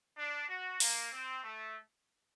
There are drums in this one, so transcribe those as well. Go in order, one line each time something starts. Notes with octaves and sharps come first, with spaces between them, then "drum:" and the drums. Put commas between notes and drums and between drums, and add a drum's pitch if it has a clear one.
D4
F#4
A#3, drum: open hi-hat
C4
A3